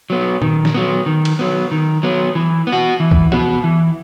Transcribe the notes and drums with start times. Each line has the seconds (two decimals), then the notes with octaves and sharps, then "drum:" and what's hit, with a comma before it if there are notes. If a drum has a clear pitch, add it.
0.10 F#3 B3
0.42 D#3, drum: tom A#2
0.65 drum: snare
0.74 F#3 B3
1.06 D#3
1.25 drum: cymbal
1.39 F#3 B3
1.72 D#3
2.03 F#3 B3
2.35 E3
2.67 B3
2.72 F#4
3.00 E3
3.11 drum: kick
3.32 B3 F#4, drum: tom E3
3.64 E3